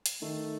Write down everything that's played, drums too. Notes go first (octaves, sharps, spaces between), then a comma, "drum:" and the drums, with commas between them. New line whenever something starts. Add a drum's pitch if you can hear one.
drum: hi-hat
D#3 A3